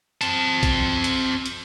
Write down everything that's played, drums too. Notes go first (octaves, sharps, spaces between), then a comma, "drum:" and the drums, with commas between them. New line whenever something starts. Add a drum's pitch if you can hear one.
C4 A5, drum: hi-hat
drum: kick A#1, hi-hat
drum: hi-hat
drum: hi-hat